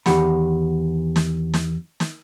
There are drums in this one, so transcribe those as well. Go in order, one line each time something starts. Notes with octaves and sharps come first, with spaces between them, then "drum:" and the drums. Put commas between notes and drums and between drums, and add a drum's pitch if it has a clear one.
E2 D#3 G4 F#5 B5, drum: snare
drum: snare
drum: snare
drum: snare